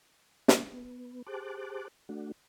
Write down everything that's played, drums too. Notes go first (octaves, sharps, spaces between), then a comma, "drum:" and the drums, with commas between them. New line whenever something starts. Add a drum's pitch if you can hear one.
drum: snare
B3
G4 G#4 C5 A5 D6 F#6
A3 D4 F#4